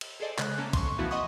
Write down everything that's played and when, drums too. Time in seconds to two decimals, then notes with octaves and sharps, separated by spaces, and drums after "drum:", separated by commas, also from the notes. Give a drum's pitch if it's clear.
0.01 drum: cymbal
0.20 G#4 A4 C5 D5 D#5 G#5
0.39 C#3 G#3 F#6, drum: clap
0.58 A3 A#3 C#4 A4
0.73 C6 C#6, drum: kick, cymbal
0.98 E3 F3 A3 B3 E4 F#4
1.11 D#5 E5 F#5 C6 C#6 D#6